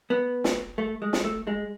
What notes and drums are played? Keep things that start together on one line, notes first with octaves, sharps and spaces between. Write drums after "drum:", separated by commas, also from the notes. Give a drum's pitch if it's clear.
B3
drum: snare
A3
G#3
drum: snare
A3
G#3